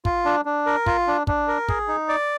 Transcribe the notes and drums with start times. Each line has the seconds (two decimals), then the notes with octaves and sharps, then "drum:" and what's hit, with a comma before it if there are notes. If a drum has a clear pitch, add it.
0.05 F4, drum: kick
0.25 D4
0.45 D4
0.66 A#4
0.86 F4, drum: kick
1.07 D4
1.27 D4, drum: kick
1.48 A#4
1.69 G#4, drum: kick
1.88 D#4
2.09 D5